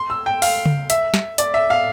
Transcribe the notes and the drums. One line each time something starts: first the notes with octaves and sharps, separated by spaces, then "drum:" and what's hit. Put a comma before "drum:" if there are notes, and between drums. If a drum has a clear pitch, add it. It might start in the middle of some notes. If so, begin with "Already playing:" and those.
Already playing: C6
E6
G5
F5, drum: open hi-hat
drum: tom C#3
E5, drum: hi-hat
drum: snare
D5, drum: hi-hat
E5
F5